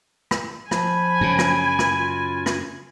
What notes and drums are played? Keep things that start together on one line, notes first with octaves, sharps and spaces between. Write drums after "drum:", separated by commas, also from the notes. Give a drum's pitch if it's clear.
drum: rim click
F3 G#5 B5, drum: rim click
F#2 C#3
drum: rim click
drum: rim click
F4
drum: rim click